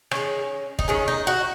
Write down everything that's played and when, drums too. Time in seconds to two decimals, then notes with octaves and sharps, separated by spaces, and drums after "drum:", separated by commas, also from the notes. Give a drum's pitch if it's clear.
0.11 D#3 G#3 C#4, drum: rim click
0.79 D#4, drum: kick
0.88 D#3 G#3 C#4
1.08 D#4
1.27 F#4